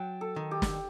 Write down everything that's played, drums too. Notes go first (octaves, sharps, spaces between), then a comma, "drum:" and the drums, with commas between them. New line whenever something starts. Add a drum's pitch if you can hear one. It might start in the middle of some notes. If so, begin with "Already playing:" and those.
Already playing: F#3 G5 A5
A4
D#3
G4
drum: snare